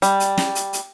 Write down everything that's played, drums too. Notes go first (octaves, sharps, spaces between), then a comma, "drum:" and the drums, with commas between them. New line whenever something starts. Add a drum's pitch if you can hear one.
G3, drum: hi-hat
drum: hi-hat
drum: snare
drum: hi-hat
drum: hi-hat